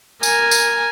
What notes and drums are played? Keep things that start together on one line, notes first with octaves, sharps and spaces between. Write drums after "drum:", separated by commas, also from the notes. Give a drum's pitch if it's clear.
A#4 G#5, drum: tambourine
drum: tambourine